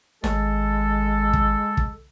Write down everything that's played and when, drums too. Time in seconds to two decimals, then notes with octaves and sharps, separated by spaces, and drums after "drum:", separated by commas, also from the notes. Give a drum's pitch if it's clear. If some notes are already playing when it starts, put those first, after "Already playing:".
0.24 G#1 G#3 A4, drum: snare
1.33 drum: kick
1.77 drum: kick